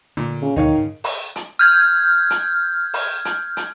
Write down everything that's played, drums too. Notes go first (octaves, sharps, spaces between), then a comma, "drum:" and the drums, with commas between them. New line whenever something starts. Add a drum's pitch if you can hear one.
A#2 D3
C#3
D2 B2 D#3 F3 D#4 C#5 F5
G#2 C#3
drum: open hi-hat
drum: hi-hat
F6 G6 G#6
drum: hi-hat
drum: open hi-hat
drum: hi-hat
drum: hi-hat